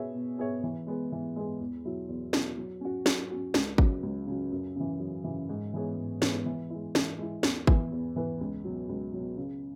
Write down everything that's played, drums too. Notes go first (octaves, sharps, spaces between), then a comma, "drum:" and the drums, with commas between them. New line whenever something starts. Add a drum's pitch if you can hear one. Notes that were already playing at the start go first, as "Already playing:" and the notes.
Already playing: B2 B3 G#4 C#5 E5
B2
B3 G#4 C#5 E5
E3
G#3 B3 G#4
E3
G#3 B3 G#4
E2
B2 F#3 E4
E2
B2 F#3 E4, drum: snare
F#3
C#4 F#4
F#3, drum: snare
C#4 F#4
C#2, drum: snare
C#3 F#3, drum: kick G#1
C#2
C#3 F#3
F#2
C#3 E3
F#2
C#3 E3
G#2
E3 B3 G#4 C#5
G#2
E3 B3 G#4 C#5, drum: snare
E3
G#3 E4
E3, drum: snare
G#3 E4
E2, drum: snare
E3 B3 E4 B4, drum: kick G#1
E2
E3 B3 E4 B4
C#2
B2 F#3
C#2
B2 F#3
C#3